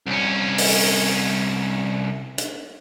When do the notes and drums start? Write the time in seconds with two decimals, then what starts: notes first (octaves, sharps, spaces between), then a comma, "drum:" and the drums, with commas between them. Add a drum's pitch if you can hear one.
0.06 C2 C#4
0.58 drum: open hi-hat
2.38 drum: hi-hat